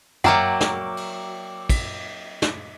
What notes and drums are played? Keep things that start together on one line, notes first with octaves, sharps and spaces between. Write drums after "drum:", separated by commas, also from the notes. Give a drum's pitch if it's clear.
F#3 A#3 D5 E5 F#5 G5 A#5 D6, drum: tom
drum: snare
drum: cymbal
drum: kick, cymbal
drum: snare